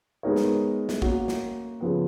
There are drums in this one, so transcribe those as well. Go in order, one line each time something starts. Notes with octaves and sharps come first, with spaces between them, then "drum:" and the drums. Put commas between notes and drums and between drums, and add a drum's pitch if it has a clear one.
G#3 B3 D#4 A#4 C#5
drum: snare
drum: snare
A#3 C#4 F#4, drum: kick
drum: snare
C#3 F3 B3